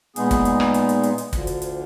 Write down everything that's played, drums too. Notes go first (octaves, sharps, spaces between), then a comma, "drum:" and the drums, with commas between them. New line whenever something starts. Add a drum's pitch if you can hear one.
A#2 G#3 B3 D#4 G#4, drum: hi-hat
drum: kick, hi-hat
drum: hi-hat
drum: rim click
drum: hi-hat
drum: hi-hat
drum: hi-hat
drum: hi-hat
D2 D3 F3, drum: kick, hi-hat
drum: hi-hat
drum: hi-hat